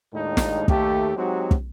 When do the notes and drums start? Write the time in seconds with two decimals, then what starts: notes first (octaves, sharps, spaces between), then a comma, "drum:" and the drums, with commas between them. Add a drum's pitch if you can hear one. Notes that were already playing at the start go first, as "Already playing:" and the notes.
0.13 D#2 A2 G#3 D4 D#4
0.37 drum: snare
0.68 D#2 A3 G4, drum: kick
1.16 F#3 G#3 C4 D#4 F#4 G4
1.51 drum: kick